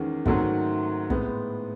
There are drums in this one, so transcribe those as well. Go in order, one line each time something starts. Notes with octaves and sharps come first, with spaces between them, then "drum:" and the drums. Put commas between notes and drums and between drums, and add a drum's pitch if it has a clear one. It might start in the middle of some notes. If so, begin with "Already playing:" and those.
Already playing: E2 D#3 G#3 C#4
G#2 D#3 F#3 A3, drum: kick
A2 G#3 B3, drum: kick